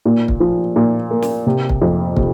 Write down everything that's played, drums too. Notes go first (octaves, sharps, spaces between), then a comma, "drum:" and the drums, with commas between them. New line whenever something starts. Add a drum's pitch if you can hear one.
A#2
drum: kick
F3
A#2
A#3
drum: snare
C3
drum: kick
F2
C3, drum: kick